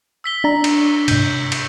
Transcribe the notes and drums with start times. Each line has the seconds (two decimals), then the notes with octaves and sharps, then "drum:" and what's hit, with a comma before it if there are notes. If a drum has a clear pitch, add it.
0.24 E6 B6 G7
0.44 D4 A#5
0.64 drum: cymbal
1.08 G#2 C3 G6, drum: cymbal
1.52 drum: cymbal